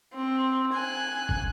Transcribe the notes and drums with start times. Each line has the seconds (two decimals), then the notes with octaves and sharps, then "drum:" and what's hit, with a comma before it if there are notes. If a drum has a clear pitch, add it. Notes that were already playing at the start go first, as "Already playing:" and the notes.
0.14 C4
0.73 G#5 F#6
1.29 drum: kick